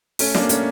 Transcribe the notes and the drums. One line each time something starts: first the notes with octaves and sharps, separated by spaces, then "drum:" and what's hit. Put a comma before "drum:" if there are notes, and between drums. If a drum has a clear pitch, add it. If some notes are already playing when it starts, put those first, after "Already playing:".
A3 C#4, drum: open hi-hat
A#3 D4, drum: snare
A3 C#4, drum: hi-hat